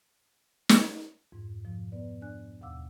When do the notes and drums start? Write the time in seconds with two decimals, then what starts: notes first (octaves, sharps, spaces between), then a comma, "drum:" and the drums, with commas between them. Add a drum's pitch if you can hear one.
0.69 drum: snare
1.32 F2 G#2
1.65 G#2 B2 F3
1.92 B3 B4 D5
2.22 D4 D5 G#5 F#6
2.61 D#2 B2 F5 F#5 D6 E6